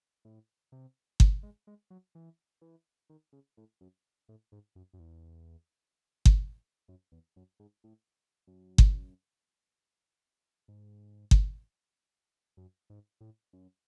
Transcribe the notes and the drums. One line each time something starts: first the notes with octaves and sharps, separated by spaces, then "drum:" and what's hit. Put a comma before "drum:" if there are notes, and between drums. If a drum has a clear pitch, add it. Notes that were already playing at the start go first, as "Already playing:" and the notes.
A2
C3
C#3, drum: kick G1
G#3
G#3
F#3
E3
E3
D#3
C#3
A2
F#2
A2
G#2
F#2
F#2
E2
drum: kick G1
F#2
E2
F#2
G#2
A2
F#2
drum: kick G1
G#2
drum: kick G1
F#2
G#2
A2
F#2